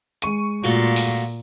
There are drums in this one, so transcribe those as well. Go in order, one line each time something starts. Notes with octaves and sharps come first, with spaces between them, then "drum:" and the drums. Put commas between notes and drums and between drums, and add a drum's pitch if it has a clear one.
G#3 C#6 D#7, drum: hi-hat
A#2 A3 F4 F#4
drum: open hi-hat